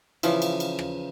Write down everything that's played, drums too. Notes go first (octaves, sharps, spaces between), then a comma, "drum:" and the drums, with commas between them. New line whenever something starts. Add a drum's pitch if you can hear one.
C#3 E3 F3, drum: cymbal
drum: cymbal
drum: cymbal
drum: rim click